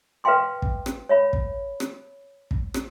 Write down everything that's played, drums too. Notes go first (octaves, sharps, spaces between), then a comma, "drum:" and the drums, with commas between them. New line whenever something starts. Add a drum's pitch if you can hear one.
B4 E5 F5 G5 C6 D6
drum: kick
drum: rim click
C#5 E5 B5
drum: kick
drum: rim click
drum: kick
drum: rim click